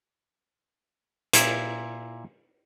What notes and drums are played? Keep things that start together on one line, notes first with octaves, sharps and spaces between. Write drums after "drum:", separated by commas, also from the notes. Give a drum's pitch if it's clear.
A#2 E4, drum: hi-hat